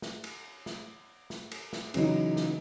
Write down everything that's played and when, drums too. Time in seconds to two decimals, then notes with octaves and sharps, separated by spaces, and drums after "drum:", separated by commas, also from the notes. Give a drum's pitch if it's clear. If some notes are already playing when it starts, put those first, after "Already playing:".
0.02 drum: snare
0.24 drum: cymbal
0.66 drum: snare
1.30 drum: snare
1.51 drum: cymbal
1.73 drum: snare
1.94 C#3 E3 F#3 D#4, drum: cymbal
2.37 drum: snare